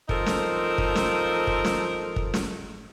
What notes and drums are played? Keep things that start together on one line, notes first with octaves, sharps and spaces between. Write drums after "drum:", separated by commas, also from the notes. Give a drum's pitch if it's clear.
F3 C4 D#4 A4 A#4, drum: kick
drum: snare
drum: kick
drum: snare
drum: kick
drum: snare
drum: kick
drum: snare